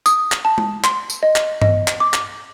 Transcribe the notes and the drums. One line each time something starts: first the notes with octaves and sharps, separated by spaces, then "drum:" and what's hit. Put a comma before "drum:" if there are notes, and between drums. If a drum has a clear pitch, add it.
D#6, drum: tambourine
drum: clap
A5
drum: tom G#3
C6, drum: clap
drum: tambourine
D#5
drum: clap
D#5, drum: tom G2
drum: clap
D6
drum: clap